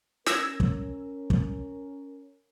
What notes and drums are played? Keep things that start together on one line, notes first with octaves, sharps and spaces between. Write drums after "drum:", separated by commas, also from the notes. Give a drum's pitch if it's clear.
C#4 A#4 E6 G#6 A#6, drum: snare
drum: kick
drum: kick